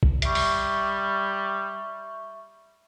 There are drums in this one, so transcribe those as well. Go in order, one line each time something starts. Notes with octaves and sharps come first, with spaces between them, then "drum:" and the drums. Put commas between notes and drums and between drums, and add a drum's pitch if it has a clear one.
drum: kick A#1
G3 E5 C#6, drum: hi-hat
drum: open hi-hat